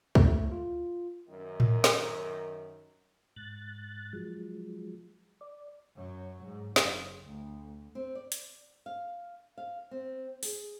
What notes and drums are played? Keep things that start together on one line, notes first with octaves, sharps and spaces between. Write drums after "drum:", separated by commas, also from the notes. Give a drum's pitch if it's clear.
A3, drum: kick
F4
F#2 D#3
drum: tom A2
drum: snare
G#2 F#6 A6
F3 F#3 G#3
D5
F#2 F#3
G#2
F#1, drum: snare
D2
C4
D5
drum: hi-hat
F5
F5
C4
G#4, drum: open hi-hat